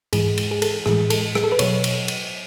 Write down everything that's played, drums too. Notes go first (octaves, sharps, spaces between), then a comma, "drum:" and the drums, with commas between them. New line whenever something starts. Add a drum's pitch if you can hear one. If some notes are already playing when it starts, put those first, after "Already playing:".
G#2 E3 G#3 G#4, drum: cymbal
drum: cymbal
G#4
A4, drum: cymbal
A2 E3 G#3 G#4, drum: rim click
A4, drum: cymbal
G#4, drum: rim click
A4
B4
B2 F#3 C#5, drum: cymbal
drum: cymbal
drum: cymbal